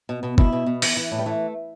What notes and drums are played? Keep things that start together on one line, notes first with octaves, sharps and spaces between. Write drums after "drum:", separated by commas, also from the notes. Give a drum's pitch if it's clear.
B2
B2
B2 E4, drum: kick
B2
B2
E3, drum: open hi-hat
E3
A2
G3
E3 A3